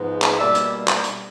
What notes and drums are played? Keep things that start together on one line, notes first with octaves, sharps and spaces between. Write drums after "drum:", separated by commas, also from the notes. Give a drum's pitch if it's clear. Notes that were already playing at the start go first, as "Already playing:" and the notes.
Already playing: G#2 F3 G#3 B3
drum: clap
B2 G3 A#3 D5 E5
drum: hi-hat
drum: clap
drum: hi-hat